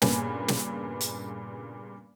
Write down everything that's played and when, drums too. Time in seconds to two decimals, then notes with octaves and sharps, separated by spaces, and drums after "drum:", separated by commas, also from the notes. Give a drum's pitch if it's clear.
0.02 G2 A#2 C#3 B3 G#5, drum: snare
0.48 drum: snare
1.01 drum: hi-hat